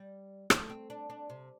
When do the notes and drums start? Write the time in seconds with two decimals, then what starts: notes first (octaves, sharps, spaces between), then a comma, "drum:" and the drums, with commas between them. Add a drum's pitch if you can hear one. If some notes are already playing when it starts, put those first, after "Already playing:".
Already playing: G3
0.50 A3, drum: rim click
0.69 C4
0.90 D4
1.10 D4
1.30 C3